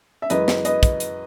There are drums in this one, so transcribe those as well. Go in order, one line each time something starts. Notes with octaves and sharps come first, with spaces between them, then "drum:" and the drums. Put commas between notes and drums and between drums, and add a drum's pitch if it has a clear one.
E5
F#2 E3 G#3 B4 D#5, drum: hi-hat
drum: snare
B4 D#5, drum: hi-hat
drum: kick, hi-hat
drum: hi-hat